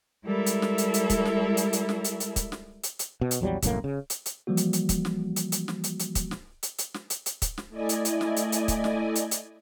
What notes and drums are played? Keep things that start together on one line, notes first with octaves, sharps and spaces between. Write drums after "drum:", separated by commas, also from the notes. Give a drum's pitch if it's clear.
G3 G#3 E4 A4 A#4 E5
drum: hi-hat
drum: snare
drum: hi-hat
drum: hi-hat
drum: kick, hi-hat
drum: snare
drum: hi-hat
drum: hi-hat
drum: snare
drum: hi-hat
drum: hi-hat
drum: kick, hi-hat
drum: snare
drum: hi-hat
drum: hi-hat
B2
drum: hi-hat
A#1 E2 F#3 G3
C2 F#2 A2 A#3, drum: kick, hi-hat
C#3
drum: hi-hat
drum: hi-hat
E3 F3 G3 A#3 F#4
drum: hi-hat
drum: hi-hat
drum: kick, hi-hat
drum: snare
drum: hi-hat
drum: hi-hat
drum: snare
drum: hi-hat
drum: hi-hat
drum: kick, hi-hat
drum: snare
drum: hi-hat
drum: hi-hat
drum: snare
drum: hi-hat
drum: hi-hat
drum: kick, hi-hat
drum: snare
A3 E4 D5 D#5 G#5
drum: hi-hat
drum: hi-hat
drum: snare
drum: hi-hat
drum: hi-hat
drum: kick, hi-hat
drum: snare
drum: hi-hat
drum: hi-hat